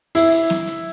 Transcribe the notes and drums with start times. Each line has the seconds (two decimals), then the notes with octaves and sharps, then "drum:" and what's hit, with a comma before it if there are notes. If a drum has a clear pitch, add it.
0.15 E4, drum: open hi-hat
0.33 drum: hi-hat
0.50 drum: snare
0.67 drum: hi-hat